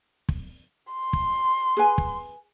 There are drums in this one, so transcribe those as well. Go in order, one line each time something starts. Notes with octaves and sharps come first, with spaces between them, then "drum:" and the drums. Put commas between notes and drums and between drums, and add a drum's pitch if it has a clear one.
drum: kick
C6
drum: kick
G#4 B4 G#5
drum: kick